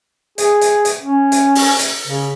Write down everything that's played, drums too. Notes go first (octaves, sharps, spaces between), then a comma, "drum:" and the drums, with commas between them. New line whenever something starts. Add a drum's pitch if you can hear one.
G#4, drum: hi-hat
drum: hi-hat
drum: hi-hat
C#4
drum: hi-hat
drum: open hi-hat
drum: hi-hat
C#3